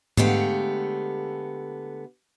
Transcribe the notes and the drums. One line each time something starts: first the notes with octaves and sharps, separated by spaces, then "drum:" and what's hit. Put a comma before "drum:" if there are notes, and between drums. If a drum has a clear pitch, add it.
D3 G#3 A3 B3 G4 F5, drum: tom G#2